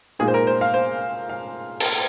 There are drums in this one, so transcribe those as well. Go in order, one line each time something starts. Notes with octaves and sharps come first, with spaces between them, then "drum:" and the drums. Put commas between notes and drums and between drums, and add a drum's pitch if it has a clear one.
A#2 G#3 D#4 G#4
C5
A#4
C5
F5
C5
F5
drum: cymbal